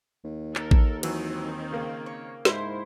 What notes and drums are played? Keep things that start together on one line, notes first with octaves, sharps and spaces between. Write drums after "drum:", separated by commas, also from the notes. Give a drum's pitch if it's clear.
D#2
A4 A#4, drum: clap
drum: kick A1
D#3 E3 F#3 C4, drum: cymbal
C#3 A#3
C#5
G#2 E4 C5, drum: snare